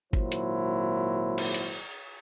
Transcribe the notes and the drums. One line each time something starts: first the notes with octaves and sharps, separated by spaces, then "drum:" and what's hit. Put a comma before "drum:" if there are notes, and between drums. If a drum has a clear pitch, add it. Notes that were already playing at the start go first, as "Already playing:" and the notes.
G#1 A#2 F#3 E4 C5, drum: kick G#1
drum: hi-hat
drum: cymbal
drum: hi-hat